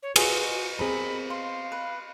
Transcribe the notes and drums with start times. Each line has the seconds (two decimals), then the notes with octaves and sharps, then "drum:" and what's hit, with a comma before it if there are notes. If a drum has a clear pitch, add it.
0.03 C#5
0.16 F#4 G#4 B4 C5, drum: cymbal
0.79 B3 C4 G#4 A#4 B5
1.30 F5 C6
1.72 B4